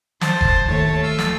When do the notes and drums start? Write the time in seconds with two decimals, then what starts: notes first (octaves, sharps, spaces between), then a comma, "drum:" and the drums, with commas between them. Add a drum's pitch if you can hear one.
0.21 C5 A5, drum: snare
0.41 drum: kick F1
0.68 D#2 A3 C#5 A5
1.03 F4 E6
1.19 drum: snare